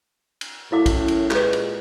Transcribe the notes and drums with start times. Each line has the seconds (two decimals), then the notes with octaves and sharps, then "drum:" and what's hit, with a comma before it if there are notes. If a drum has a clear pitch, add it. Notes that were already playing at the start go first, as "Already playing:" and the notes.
0.41 drum: cymbal
0.72 F#2 A2 E4 F5 D6
0.86 drum: kick, cymbal
1.08 drum: cymbal
1.31 A#2 G#3 G4 B4, drum: clap
1.53 drum: cymbal